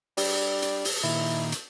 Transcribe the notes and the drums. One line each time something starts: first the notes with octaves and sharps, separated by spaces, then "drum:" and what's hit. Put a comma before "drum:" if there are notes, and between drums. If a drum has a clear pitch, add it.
G3 D4, drum: open hi-hat
drum: hi-hat
drum: open hi-hat
A#2 D#3 E4
drum: hi-hat